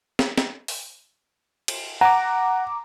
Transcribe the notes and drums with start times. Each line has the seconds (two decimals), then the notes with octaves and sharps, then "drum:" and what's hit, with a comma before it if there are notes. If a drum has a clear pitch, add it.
0.19 drum: snare
0.38 drum: snare
0.68 drum: open hi-hat
1.68 drum: cymbal
2.01 F#5 A#5 D6